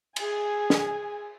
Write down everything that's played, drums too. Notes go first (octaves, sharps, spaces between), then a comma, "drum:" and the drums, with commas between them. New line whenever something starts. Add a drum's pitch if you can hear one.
G#4 G#5, drum: cymbal
drum: snare